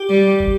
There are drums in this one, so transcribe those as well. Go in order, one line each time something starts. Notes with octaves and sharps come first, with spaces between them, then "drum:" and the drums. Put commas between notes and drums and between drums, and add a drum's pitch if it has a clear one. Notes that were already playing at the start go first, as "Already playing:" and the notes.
Already playing: G4
G3
drum: kick